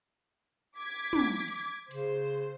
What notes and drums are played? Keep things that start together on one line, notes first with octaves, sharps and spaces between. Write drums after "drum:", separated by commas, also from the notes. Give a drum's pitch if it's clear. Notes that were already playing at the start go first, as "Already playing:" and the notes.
D6 G#6 B6
drum: tom
drum: hi-hat
C#3 C5, drum: hi-hat